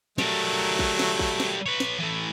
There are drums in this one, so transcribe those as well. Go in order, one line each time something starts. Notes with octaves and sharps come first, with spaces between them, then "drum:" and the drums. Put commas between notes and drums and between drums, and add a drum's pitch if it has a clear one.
F#3 G3 A3 A#4, drum: snare
drum: kick A1
drum: snare
drum: kick A1
drum: snare
B4 C#5
drum: snare
E3 A3